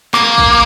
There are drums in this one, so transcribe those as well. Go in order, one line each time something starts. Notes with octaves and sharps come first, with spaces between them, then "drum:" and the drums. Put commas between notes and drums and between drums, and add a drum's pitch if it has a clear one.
A#3, drum: clap
drum: kick